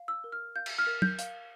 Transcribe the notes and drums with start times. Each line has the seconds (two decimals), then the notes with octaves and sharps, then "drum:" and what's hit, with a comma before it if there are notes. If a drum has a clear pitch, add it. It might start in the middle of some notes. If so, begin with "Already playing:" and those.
Already playing: F5
0.08 E6
0.24 A#4
0.32 F6
0.56 F5 G6
0.66 drum: cymbal
0.78 F6
0.87 A#4
1.02 G6, drum: tom
1.19 F5, drum: hi-hat